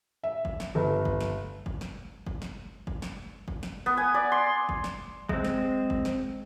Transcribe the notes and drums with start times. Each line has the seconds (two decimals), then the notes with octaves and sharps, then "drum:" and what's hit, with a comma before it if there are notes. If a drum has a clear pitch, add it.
0.23 E5
0.45 drum: kick G1
0.60 drum: snare
0.75 G1
1.05 drum: kick G1
1.21 drum: snare
1.66 drum: kick G1
1.81 drum: snare
2.27 drum: kick G1
2.42 drum: snare
2.87 drum: kick G1
3.02 drum: snare
3.48 drum: kick G1
3.63 drum: snare
3.86 B3
3.97 G#5
4.14 D5
4.32 C6
4.69 drum: kick G1
4.84 drum: snare
5.29 G#3 C4, drum: kick G1
5.45 drum: snare
5.90 drum: kick G1
6.05 drum: snare